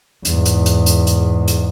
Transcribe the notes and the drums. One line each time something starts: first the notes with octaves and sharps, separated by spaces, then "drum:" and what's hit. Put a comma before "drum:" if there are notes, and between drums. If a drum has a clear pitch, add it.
E2 G#2, drum: hi-hat
drum: hi-hat
drum: hi-hat
drum: hi-hat
drum: hi-hat
drum: hi-hat